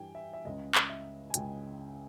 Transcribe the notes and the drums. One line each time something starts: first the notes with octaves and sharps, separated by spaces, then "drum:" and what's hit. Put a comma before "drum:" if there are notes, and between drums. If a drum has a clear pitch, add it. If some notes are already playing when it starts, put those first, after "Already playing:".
Already playing: G2 E3 G3 G5 G#5
E5
E5
C#2 C#3 G#3 D#5
drum: clap
E5
G#5
C#2 C#3 G#3 G5, drum: hi-hat